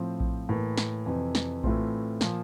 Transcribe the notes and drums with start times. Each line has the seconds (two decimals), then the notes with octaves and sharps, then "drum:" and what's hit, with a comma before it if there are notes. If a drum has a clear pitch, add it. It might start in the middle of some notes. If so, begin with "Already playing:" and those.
Already playing: A2 F3 C4
0.20 drum: kick A#1
0.49 A2 E3 A#3
0.77 drum: snare
1.06 F2 C3 E3
1.35 drum: snare
1.64 A2 E3 A3 C4 F4, drum: kick A#1
2.21 A#2 F3, drum: snare